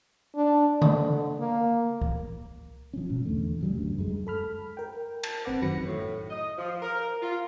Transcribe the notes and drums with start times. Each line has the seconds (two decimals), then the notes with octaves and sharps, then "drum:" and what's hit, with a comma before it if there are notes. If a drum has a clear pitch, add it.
0.35 D4
0.82 D3, drum: tom C#3
1.39 A#3
2.02 drum: kick
2.93 F3 C#4
3.09 G#2 B2 F3
3.25 E2 D3 A3
3.61 C#3 F#3 G3
3.75 D2 G2
3.98 F#2 G#3
4.27 A4 B5 F6
4.77 A#4 G5
5.23 A5, drum: cymbal
5.44 G#1 C4 B4 F#5 D6 A#6
5.61 F#2 D#3 F#4 B5 A#6 C#7
5.85 A2
6.30 D#5
6.58 F3
6.82 A#4
7.22 F4